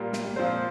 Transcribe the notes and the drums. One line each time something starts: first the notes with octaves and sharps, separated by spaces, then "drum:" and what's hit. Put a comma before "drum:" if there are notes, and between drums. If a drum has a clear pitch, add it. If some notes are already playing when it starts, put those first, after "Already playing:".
Already playing: A#2 G3 A#3
drum: snare
A#2 F3 C4 C5